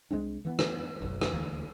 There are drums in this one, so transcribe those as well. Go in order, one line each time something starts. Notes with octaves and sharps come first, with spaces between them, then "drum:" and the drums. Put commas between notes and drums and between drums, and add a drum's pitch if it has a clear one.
C2 G#3 C4 D4
E3 B3
drum: rim click
F#1 B1 F#2
drum: rim click
D#1 D2 E3 A#3